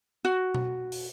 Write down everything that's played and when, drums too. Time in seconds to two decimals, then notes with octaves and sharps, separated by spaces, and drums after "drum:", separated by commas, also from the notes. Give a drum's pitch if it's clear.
0.25 F#4
0.54 drum: tom B2
0.92 drum: open hi-hat